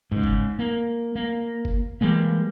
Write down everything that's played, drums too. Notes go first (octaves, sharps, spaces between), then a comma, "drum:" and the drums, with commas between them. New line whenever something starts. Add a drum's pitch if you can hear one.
G#2 C#3
drum: kick F#1
A#3
A#3
drum: kick F#1
E3 G3 G#3 A#3